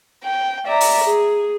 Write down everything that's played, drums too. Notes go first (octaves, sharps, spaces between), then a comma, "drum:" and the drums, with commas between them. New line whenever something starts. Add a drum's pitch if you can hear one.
G5
D5 E5 A#5
drum: open hi-hat
G#4